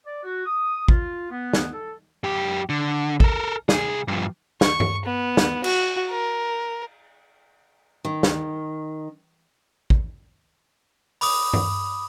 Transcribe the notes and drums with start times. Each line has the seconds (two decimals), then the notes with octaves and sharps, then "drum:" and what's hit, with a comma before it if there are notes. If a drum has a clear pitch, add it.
0.06 D5
0.24 F#4
0.46 D#6
0.88 F4, drum: kick
1.31 B3
1.53 drum: snare
1.73 A4
2.24 F#2 G4
2.69 D3
3.20 A4 A#4, drum: kick
3.69 C2 G#4, drum: snare
4.08 G2 F3
4.61 C#6, drum: snare
4.80 drum: tom G2
5.05 B3
5.37 drum: snare
5.64 F#4, drum: cymbal
6.10 A#4
8.05 D#3
8.23 drum: snare
9.90 drum: kick
11.21 B5 D6 D#6, drum: open hi-hat
11.53 drum: tom G2